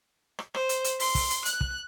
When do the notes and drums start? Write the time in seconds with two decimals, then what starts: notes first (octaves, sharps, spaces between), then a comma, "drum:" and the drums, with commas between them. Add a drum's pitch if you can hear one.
0.39 drum: rim click
0.54 C5, drum: rim click
0.69 drum: hi-hat
0.84 drum: hi-hat
1.00 C6, drum: open hi-hat
1.15 drum: kick, open hi-hat
1.30 drum: hi-hat
1.45 F#6, drum: hi-hat
1.61 drum: kick